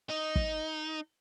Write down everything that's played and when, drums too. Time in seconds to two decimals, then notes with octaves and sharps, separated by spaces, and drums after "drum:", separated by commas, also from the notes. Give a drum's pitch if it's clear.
0.10 D#4
0.36 drum: kick